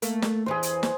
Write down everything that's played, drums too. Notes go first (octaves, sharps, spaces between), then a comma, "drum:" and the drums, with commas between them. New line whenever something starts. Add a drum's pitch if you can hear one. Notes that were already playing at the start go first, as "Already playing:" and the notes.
A3 A#3, drum: hi-hat
drum: snare
E2 E3 G#4 C5
drum: hi-hat
drum: snare